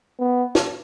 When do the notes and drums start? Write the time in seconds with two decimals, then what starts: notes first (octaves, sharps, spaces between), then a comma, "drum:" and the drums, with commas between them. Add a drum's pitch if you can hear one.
0.19 B3
0.55 drum: snare